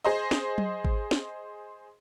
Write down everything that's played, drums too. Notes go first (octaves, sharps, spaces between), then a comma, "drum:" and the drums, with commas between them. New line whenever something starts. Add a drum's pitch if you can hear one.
G#4 C5 D#5
drum: snare
drum: tom F#3
drum: kick G#1
drum: snare